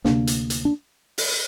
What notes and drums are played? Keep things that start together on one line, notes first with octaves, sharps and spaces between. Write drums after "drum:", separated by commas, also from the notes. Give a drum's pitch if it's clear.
D2 C3 A#3 D4, drum: snare
drum: hi-hat
drum: hi-hat
D4
drum: open hi-hat